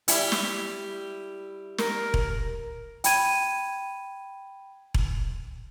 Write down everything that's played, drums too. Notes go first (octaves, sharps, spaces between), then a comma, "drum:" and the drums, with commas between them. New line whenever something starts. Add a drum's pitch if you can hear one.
G3 E4, drum: hi-hat
drum: snare
A#4, drum: snare
drum: kick E1
G5 B5 G#6 D#7, drum: hi-hat
drum: kick E1